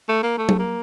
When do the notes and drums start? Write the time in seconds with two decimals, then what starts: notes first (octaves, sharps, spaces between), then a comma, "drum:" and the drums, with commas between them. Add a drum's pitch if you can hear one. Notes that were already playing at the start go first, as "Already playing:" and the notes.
0.09 A3
0.23 A#3
0.38 A3
0.49 drum: tom F#3
0.59 A#3